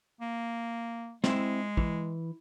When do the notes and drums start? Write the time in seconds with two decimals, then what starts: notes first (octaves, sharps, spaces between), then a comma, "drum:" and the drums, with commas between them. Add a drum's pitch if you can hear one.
0.21 A#3
1.24 G#3 C4 E4, drum: snare
1.77 E3, drum: kick